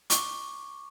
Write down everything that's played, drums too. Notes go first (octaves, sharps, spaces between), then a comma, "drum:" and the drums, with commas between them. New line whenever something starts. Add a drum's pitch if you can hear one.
C#6 D6, drum: hi-hat